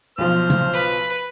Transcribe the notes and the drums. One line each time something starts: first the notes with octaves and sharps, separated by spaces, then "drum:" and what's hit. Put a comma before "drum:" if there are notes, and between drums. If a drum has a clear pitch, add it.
B1 F3 C5 F6
drum: tom C#3
B4